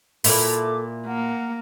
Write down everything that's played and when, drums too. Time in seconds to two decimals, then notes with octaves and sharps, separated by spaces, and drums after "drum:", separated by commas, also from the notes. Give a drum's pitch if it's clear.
0.24 A#2 E4 A4 D6, drum: open hi-hat
1.07 A#3 F#5